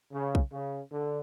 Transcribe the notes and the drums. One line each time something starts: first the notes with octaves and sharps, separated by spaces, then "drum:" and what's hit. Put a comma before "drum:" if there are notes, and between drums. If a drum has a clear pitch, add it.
C#3
drum: kick
C#3
D3